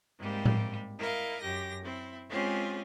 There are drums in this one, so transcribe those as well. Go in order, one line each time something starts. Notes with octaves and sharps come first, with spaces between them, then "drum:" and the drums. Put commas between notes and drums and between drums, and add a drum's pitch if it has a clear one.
G#2 C3 G3 A#3
drum: tom A2
E4 A#4 D#5 F5
F#2 G4 A#6
C4 E4
G#3 C4 C#4 F4 G4 G#4